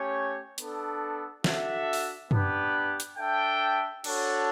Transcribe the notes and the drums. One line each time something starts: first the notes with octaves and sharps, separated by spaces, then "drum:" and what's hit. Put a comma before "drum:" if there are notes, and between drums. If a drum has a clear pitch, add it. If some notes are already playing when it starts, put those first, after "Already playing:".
Already playing: A3 C#4 G4 C#5
B3 D4 A4, drum: hi-hat
D4 F#4 A4 E5, drum: snare
drum: open hi-hat
B3 D4 G4 B4, drum: tom F#2
drum: hi-hat
D4 A4 E5 G5
D4 F#4 A4 C#5, drum: cymbal